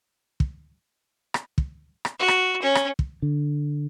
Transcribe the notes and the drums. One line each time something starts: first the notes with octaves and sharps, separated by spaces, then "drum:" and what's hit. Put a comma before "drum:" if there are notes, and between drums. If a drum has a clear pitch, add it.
drum: kick
drum: rim click
drum: kick
drum: rim click
F#4
drum: rim click
C#4
drum: rim click
drum: kick
D3